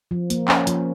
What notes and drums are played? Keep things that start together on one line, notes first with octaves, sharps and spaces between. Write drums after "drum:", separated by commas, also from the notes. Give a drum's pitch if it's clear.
F3
A#3, drum: hi-hat
C#4, drum: clap
F3, drum: hi-hat